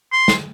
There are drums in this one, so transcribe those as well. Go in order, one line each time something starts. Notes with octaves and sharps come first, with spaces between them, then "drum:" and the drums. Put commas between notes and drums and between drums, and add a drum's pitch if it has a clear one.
C6
drum: snare